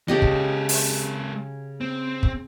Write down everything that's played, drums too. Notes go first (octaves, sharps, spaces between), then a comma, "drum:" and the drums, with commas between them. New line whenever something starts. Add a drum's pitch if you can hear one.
C#3 G#3 G4 A4 D#5
drum: kick
drum: open hi-hat
C4
drum: kick